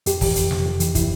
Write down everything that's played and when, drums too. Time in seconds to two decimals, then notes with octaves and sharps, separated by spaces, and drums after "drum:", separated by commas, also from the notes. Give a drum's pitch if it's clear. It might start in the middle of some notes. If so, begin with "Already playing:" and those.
0.06 F2 G4, drum: hi-hat
0.21 E3, drum: kick, open hi-hat
0.36 F2, drum: hi-hat
0.51 C3, drum: snare
0.65 F2
0.80 E3, drum: hi-hat
0.95 E4, drum: kick, hi-hat